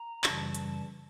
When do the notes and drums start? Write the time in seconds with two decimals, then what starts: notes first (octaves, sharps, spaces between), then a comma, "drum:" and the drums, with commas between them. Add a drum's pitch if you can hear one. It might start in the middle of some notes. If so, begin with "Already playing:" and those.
Already playing: A#5
0.24 F#2 C#3 E3 G3 A5, drum: clap
0.55 drum: hi-hat